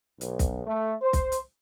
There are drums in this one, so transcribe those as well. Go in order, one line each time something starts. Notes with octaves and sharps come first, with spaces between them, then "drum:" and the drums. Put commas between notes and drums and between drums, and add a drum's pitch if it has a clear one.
B1, drum: hi-hat
drum: kick, hi-hat
A3
C5
drum: kick, hi-hat
drum: hi-hat